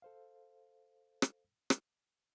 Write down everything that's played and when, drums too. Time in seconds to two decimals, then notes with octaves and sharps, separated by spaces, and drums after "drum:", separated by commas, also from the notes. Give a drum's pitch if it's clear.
0.02 A4 C5 F5
1.22 drum: rim click
1.70 drum: rim click